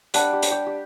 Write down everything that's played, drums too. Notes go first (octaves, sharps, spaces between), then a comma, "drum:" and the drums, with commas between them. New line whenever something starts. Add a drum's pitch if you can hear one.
G3 D4 F#5, drum: hi-hat
G4
drum: hi-hat
G4
G4